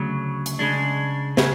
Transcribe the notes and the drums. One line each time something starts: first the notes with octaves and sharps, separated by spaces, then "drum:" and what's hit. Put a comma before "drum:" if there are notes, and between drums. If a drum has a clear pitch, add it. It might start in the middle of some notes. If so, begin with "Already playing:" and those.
Already playing: D2 C#3 F#3
drum: hi-hat
C#3 G#3 D4
C#3 G#3, drum: snare